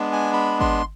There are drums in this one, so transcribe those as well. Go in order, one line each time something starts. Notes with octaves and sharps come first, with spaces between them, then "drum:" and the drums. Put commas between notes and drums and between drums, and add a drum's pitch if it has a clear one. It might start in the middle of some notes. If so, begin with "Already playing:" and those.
Already playing: G#3 B3 D4
G#5
B5
C6, drum: kick